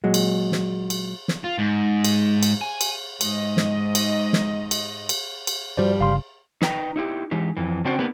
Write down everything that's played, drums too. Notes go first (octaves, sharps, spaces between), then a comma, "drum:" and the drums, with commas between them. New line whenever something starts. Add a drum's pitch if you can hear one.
A#2 F#3 G#3
drum: cymbal
drum: snare
drum: cymbal
drum: snare
F4
G#2
drum: cymbal
drum: cymbal
G#5
drum: cymbal
G#2 D#5, drum: cymbal
drum: snare
drum: cymbal
drum: snare
drum: cymbal
drum: cymbal
drum: cymbal
G2 F3 G3 F#4 C5 D5
G1 C#3 F5 C6
D#4 B4 G5 A#5, drum: snare
D#4 E4 G4
E3 G#3 D#4 G4
F2 E3
C#3 C4 D4 F#4 C5 G5
A#3 B3 D4 D#4 G4 B4